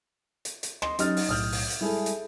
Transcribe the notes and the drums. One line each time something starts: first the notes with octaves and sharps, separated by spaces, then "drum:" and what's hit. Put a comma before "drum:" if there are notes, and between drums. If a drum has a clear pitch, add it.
drum: hi-hat
drum: hi-hat
D#5 C6, drum: rim click
F#3 C#4 D#4 G4 F6 A6, drum: hi-hat
drum: open hi-hat
B1 A2 D#6 F6 G6
drum: open hi-hat
drum: hi-hat
G3 G#3 E4 G#4 A4
drum: hi-hat